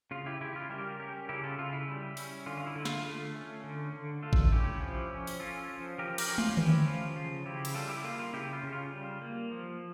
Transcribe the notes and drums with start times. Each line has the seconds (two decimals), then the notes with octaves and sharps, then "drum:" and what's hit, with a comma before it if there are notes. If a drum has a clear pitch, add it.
0.11 C#3 F4
0.26 E4 G4
0.41 C#3 E4 G4
0.56 F4
0.70 G3 G4 A#4
1.00 C#4 G4 A#4
1.29 C#3 E4 G4
1.44 F4 A4
1.59 C#3 F4
1.73 E4
1.88 G3
2.17 C#4, drum: open hi-hat
2.46 D3 F4
2.57 F4
2.66 E4
2.75 D3
2.85 F4, drum: snare
3.05 A3
3.35 C#4
3.64 D3
3.93 D3
4.23 A3 F4 A4
4.33 drum: kick G#1
4.51 C#4 E4 G4
4.81 F3
5.11 C#4
5.27 drum: open hi-hat
5.40 C#4 F4 A4
5.69 F3
5.98 F3 G4 A#4
6.18 G4 A#4, drum: cymbal
6.28 C#4
6.38 F4, drum: tom
6.57 C#4 E4 G4, drum: tom D3
6.87 F3 F4
7.16 C#3 F4
7.46 C#3 E4 G4
7.65 drum: cymbal
7.74 G3 F4 A4
7.89 E4 G4
8.04 A#3 F4
8.19 F4
8.33 C#3 E4 G4
8.53 F4
8.63 C#3
8.72 F4
8.93 G3
9.22 A#3
9.51 F3